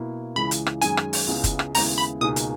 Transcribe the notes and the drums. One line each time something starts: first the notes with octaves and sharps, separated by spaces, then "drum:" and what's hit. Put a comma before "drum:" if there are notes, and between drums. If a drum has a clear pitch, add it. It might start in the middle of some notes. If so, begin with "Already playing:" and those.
Already playing: B2 A#3 E4
C#2 C#3 E3 G#3 B5
drum: hi-hat
drum: rim click
F#2 D#3 G#3 D#4 G#4 G#5, drum: hi-hat
drum: rim click
drum: open hi-hat
C#2 C#3 G#3 B3 E4
drum: kick F#1, hi-hat
drum: rim click
D#2 C#3 G#3 B3 E4 A#5, drum: open hi-hat
B5
C#2 B2 A#3 D#4 G#4 D#6
drum: hi-hat